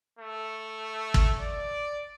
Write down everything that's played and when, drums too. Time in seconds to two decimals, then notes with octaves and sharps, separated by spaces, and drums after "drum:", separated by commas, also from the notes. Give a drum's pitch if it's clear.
0.19 A3
1.14 drum: kick
1.40 D5